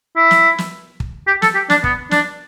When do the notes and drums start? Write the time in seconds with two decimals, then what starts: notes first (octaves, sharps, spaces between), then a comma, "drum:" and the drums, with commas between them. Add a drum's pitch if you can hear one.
0.16 E4
0.31 drum: snare
0.58 drum: snare
1.00 drum: kick
1.27 G4
1.42 A4, drum: snare
1.55 G4
1.70 D4, drum: snare
1.84 B3, drum: kick
2.11 D4, drum: snare